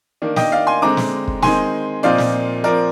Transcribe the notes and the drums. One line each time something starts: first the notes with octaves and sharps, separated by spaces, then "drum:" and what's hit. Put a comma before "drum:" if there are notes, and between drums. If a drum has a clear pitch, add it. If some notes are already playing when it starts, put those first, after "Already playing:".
D#3 A#3 D4
D#5 G5, drum: snare
D5 F5
G#5 C6
D3 G#3 C4 D#4 A#5 D6
drum: snare
drum: kick
D#3 G#3 C4 D#4 G#5 C6, drum: snare
A#2 F3 C4 D#4 D5 F5
drum: snare
A#2 F3 C4 A#4 D5